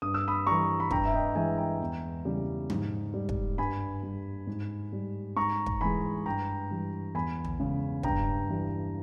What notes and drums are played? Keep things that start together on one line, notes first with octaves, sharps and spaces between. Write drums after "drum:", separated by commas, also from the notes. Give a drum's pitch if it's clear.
G2 D#6
E6
B5 D#6
E3 G3 A#5 C#6
B5
G2 G5 A#5, drum: kick
E5
D#5 G5
E3 G#3 E5 G#5
G5 A#5
E2
C#3 E3 G3
G#2, drum: tom
G3
drum: kick
G2 G#5 B5
G3
G#2
G3
G#2 A#5 C#6
drum: kick
E3 G#3 G#5 B5
G2 G5 A#5
E3 G3
E2 G#5 B5
drum: tom
C#3 G#3
G2 G5 A#5, drum: kick
E3 G3